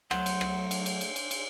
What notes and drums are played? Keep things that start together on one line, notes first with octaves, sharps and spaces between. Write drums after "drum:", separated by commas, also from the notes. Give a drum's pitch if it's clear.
F#3 A3 C5 F#5, drum: rim click
drum: cymbal
drum: rim click
drum: cymbal
drum: cymbal
drum: cymbal
drum: cymbal
drum: cymbal